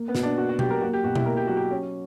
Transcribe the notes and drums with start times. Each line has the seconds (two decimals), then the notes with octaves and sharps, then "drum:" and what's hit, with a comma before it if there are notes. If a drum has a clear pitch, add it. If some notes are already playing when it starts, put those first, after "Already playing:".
Already playing: A#3
0.08 B3
0.15 B2, drum: snare
0.23 D4
0.37 A#3 F#4
0.49 F#4
0.59 F#3 G4, drum: tom B2
0.70 A#4
0.82 A#3 F#4
0.93 G4
1.04 B2 F#4
1.16 E4, drum: tom B2
1.25 A#3 A#4
1.37 G4
1.47 F#3 F#4
1.57 G4
1.71 C#4